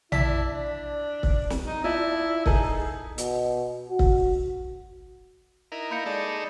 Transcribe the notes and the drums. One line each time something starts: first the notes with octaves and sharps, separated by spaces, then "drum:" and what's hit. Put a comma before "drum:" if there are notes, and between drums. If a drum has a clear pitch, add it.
E4 D5 A5 B6, drum: tom A#1
D4
drum: kick C#1
drum: snare
D#4
E4 F4 D5 A5
D#4 G#4 A4, drum: kick C#1
B2, drum: hi-hat
F#4
drum: kick C#1
D#4 E4 A#4
A#3 B5 G6 C#7
G#3 D#4 A4 D5